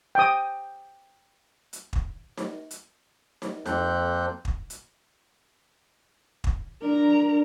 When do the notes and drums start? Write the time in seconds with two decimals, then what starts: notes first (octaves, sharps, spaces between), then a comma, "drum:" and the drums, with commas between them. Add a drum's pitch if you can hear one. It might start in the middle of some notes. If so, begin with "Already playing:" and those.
0.15 G5 D#6
1.73 drum: hi-hat
1.93 drum: kick
2.38 drum: snare D#4
2.71 drum: hi-hat
3.42 drum: snare D#4
3.66 F2 A#3 C4 A4 F#6 G6, drum: snare D#4
4.45 drum: kick
4.70 drum: hi-hat
6.44 drum: kick
6.82 D4 A#4 D5 A#5